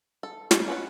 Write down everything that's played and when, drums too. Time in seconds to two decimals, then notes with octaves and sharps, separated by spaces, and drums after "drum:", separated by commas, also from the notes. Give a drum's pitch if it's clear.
0.23 A4
0.51 F#3 G#3 C#4, drum: snare
0.68 C#4 B4 F#5